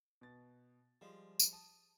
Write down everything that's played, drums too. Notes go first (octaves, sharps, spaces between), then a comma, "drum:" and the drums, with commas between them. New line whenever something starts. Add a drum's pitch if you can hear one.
B2 A6
F3 G3 G#3
drum: tambourine
A5 D#6